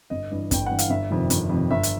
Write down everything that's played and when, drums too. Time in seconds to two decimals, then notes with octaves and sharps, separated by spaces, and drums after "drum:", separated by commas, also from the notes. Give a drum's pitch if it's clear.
0.10 G1 D#5
0.31 G2 E3
0.51 G1 G5, drum: kick, hi-hat
0.67 G2 E3 F#5
0.79 F5, drum: hi-hat
0.90 G1 E5
1.10 F2 C3 D#3
1.30 G1, drum: hi-hat
1.50 F2 C3 D#3
1.71 G1 E5
1.83 drum: hi-hat